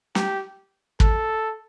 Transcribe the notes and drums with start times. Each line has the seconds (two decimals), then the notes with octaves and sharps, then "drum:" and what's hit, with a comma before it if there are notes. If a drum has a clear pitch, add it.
0.15 G4, drum: snare
1.00 A4, drum: kick